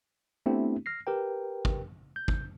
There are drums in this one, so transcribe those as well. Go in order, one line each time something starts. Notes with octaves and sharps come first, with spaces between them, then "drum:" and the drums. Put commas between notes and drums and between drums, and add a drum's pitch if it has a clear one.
A3 B3 C4 D4 E4 G4
F6 A#6 C7
G4 A#4 B4 G5
drum: kick
G6
drum: kick